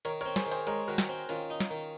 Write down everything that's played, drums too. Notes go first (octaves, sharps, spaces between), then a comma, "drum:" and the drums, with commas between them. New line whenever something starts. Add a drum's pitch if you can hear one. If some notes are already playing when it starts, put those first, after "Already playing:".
D#3 A#4 C#5, drum: hi-hat
A#4 C#5, drum: hi-hat
C4
G#4 C5, drum: snare
D#3
G#4 C5, drum: hi-hat
G#3 A#4 C#5, drum: hi-hat
D#3 F#4 A#4
drum: snare
C4
D#3 C#4 F4, drum: hi-hat
D#4
drum: snare
D#3